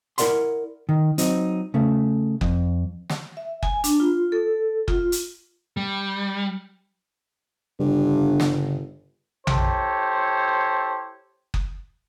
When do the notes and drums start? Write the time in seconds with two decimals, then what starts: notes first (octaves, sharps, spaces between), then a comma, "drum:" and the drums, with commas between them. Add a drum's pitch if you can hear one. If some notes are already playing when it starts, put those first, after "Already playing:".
0.18 E4 F#4 A#4 D5 F#5 C6, drum: hi-hat
0.89 D#3
1.18 F#3 C4 D#4, drum: hi-hat
1.74 C#3 A3
2.41 F2, drum: kick F#1
3.10 drum: snare
3.37 E5
3.63 G#5, drum: kick F#1
3.84 D4, drum: hi-hat
4.00 F4
4.32 A4
4.88 F4, drum: kick F#1
5.12 drum: hi-hat
5.77 G3
7.80 G1 G2 C#3
8.40 drum: snare
9.47 E4 G4 A4 C5 C#5, drum: tom A#1
11.54 drum: kick F#1